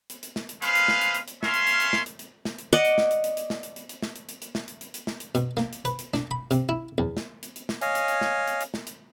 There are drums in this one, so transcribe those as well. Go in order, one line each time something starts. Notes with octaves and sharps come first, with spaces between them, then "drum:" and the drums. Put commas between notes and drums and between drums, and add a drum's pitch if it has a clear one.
drum: hi-hat
drum: hi-hat
drum: snare
drum: hi-hat
G#3 B4 C5 F5, drum: hi-hat
drum: hi-hat
drum: snare
drum: hi-hat
drum: hi-hat
drum: hi-hat
C#4 A#4 E5 F5 G#5 C6, drum: snare
drum: hi-hat
drum: hi-hat
drum: hi-hat
drum: snare
drum: hi-hat
drum: hi-hat
drum: snare
drum: hi-hat
D5 D#5 F#5, drum: hi-hat
drum: hi-hat
drum: snare
drum: hi-hat
drum: hi-hat
drum: hi-hat
drum: snare
drum: hi-hat
drum: hi-hat
drum: hi-hat
drum: snare
drum: hi-hat
drum: hi-hat
drum: hi-hat
drum: snare
drum: hi-hat
drum: hi-hat
drum: hi-hat
drum: snare
drum: hi-hat
B2, drum: hi-hat
A#3, drum: snare
drum: hi-hat
B4, drum: hi-hat
drum: hi-hat
D4, drum: snare
B5
C3, drum: hi-hat
E4
E2
drum: snare
drum: hi-hat
drum: hi-hat
drum: snare
C#5 D#5 F5 G#5, drum: hi-hat
drum: hi-hat
drum: hi-hat
drum: snare
drum: hi-hat
drum: hi-hat
drum: snare
drum: hi-hat